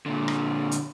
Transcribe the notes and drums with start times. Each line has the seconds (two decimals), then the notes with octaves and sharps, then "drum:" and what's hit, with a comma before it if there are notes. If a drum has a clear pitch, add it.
0.06 A#2 D3
0.28 drum: rim click
0.71 drum: hi-hat